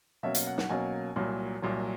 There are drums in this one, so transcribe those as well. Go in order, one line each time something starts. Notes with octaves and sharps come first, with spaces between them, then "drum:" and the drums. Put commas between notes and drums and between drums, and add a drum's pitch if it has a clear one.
B2 F#3 A#3 C#4 E5
F5, drum: hi-hat
F#5
F#5, drum: snare
B2 F#3 A#3 C#4 G#5
C2 A#2 F#3
C2 A#2 F#3